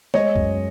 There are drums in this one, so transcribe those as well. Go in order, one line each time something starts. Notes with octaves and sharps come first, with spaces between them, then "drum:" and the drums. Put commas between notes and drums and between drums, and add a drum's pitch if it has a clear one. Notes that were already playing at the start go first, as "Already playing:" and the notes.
G#3 C#5 D#5, drum: snare
F#2, drum: kick